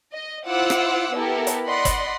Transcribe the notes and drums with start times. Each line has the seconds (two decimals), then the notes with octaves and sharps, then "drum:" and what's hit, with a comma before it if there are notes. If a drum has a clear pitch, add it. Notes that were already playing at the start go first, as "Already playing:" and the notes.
0.11 D#5
0.48 E4 F4 C5 F#5 D6 E6
0.70 drum: rim click
1.14 B3 E4 G4 A4 A#4
1.47 drum: hi-hat
1.66 D5 D#5 F#5 B5 C6
1.85 drum: kick, hi-hat